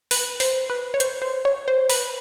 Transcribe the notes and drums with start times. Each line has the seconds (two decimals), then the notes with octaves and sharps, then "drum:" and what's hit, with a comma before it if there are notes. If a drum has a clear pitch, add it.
0.11 B4, drum: open hi-hat
0.40 C5, drum: open hi-hat
0.70 B4
0.94 C#5
1.00 C5, drum: hi-hat
1.22 C5
1.45 C#5
1.68 C5
1.90 B4, drum: open hi-hat